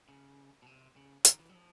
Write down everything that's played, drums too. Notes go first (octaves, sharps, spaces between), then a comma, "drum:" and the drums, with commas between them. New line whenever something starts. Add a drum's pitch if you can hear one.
C#3
B2
C3
C#3
D#3, drum: hi-hat
E3
F#3
F3